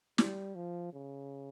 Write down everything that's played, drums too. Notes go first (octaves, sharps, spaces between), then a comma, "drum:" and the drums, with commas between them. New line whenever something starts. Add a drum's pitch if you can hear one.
G3, drum: snare
F3
C#3